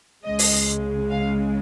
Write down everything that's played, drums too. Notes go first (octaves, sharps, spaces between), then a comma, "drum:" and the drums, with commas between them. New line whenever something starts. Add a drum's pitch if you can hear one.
C#2 C#3 G#3 D#5
drum: open hi-hat
F5